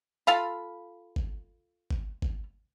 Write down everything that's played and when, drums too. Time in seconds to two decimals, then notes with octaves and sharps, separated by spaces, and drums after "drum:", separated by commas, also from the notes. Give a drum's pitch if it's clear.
0.27 F4 A4 F5 B5
1.16 drum: kick G#1
1.91 drum: kick G#1
2.22 drum: kick G#1